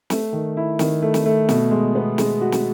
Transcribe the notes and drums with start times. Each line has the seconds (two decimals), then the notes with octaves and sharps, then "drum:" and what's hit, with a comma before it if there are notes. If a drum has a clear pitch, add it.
0.10 A3, drum: snare
0.33 D#3
0.57 E4
0.79 D#3, drum: snare
1.02 A3
1.14 drum: snare
1.26 A3
1.49 B2, drum: snare
1.71 G#3
1.95 B3
2.18 G#3, drum: snare
2.41 F#4
2.52 drum: snare